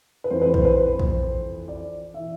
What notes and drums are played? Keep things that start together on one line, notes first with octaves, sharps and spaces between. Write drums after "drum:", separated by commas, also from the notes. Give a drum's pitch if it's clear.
B4
F2 E3 C5
B4
C5, drum: kick A#1
B4
C5
drum: kick A#1
D5
E3 E5